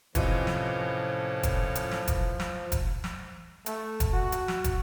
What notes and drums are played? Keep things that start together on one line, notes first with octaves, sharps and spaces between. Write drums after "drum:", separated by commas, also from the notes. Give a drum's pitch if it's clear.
A2 C3 E3 F3 C#4 F4 D#5, drum: kick, hi-hat
drum: snare
drum: kick, hi-hat
drum: hi-hat
drum: snare
drum: kick, hi-hat
drum: snare
drum: kick, hi-hat
drum: snare
A3, drum: hi-hat
drum: kick, hi-hat
F#4
drum: hi-hat
drum: snare
drum: kick, hi-hat